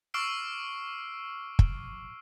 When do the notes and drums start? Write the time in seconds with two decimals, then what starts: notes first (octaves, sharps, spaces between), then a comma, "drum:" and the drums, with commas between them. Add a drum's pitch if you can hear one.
0.14 C#6 D6 E6 F6 C7 D7
1.59 drum: kick